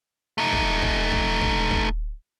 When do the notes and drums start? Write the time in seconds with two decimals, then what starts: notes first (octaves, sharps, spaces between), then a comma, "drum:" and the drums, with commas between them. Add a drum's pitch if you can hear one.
0.38 A3 D#4
0.53 drum: kick
0.82 drum: kick
1.12 drum: kick
1.41 drum: kick
1.71 drum: kick